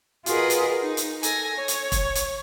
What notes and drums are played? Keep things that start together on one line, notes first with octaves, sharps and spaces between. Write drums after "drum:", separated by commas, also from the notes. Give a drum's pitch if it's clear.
F4 F#4 G#4 A#4 B4 D#5, drum: hi-hat
drum: hi-hat
D#4
drum: hi-hat
A4 G#5 A#6, drum: hi-hat
C#5
drum: hi-hat
drum: kick E1, hi-hat
drum: hi-hat